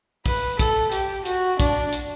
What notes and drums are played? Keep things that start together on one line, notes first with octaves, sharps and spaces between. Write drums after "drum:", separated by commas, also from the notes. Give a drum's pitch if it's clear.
B4, drum: kick A#1, open hi-hat
A4, drum: kick A#1, hi-hat
G4, drum: hi-hat
F#4, drum: hi-hat
D4, drum: kick A#1, hi-hat
drum: hi-hat